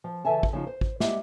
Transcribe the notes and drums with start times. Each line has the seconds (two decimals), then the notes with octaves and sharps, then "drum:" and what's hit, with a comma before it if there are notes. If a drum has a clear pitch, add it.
0.04 F3
0.25 C#3 E3 A4 E5 G#5 A5
0.43 drum: kick
0.53 C#3 F3 D#4 F4
0.67 C5
0.81 drum: kick
1.00 G3 G#3 A#3 G4 E5 F#5, drum: snare